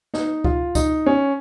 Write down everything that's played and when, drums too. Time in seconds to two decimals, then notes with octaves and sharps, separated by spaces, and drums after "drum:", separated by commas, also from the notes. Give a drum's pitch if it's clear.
0.14 D#4, drum: snare
0.44 F4, drum: kick C#2
0.75 D#4, drum: kick C#2, tambourine
1.06 C#4